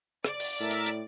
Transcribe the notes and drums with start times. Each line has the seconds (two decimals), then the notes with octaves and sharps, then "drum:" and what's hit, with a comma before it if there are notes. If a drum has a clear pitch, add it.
0.24 D5, drum: rim click
0.40 drum: open hi-hat
0.60 A2 A#4 E5 A5
0.71 drum: hi-hat
0.86 drum: hi-hat